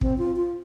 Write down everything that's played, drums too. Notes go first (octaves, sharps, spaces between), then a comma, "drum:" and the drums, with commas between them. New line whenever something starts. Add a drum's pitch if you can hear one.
C4, drum: kick
F4
F4